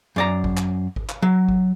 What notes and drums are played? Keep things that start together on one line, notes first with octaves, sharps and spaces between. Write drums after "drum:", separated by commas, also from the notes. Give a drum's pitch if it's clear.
F#2 D5 A#5
drum: kick G#1
drum: clap
drum: kick G#1
drum: clap
F#3
drum: kick G#1